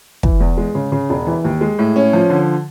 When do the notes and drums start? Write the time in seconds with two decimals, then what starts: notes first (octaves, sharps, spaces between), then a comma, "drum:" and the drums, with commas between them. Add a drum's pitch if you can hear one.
0.23 E3, drum: kick
0.40 E2
0.57 G#3
0.75 C#3
0.92 C#3
1.10 E1
1.27 E3
1.44 D#2
1.61 G#3
1.79 A2
1.96 C#4
2.13 F3
2.30 D3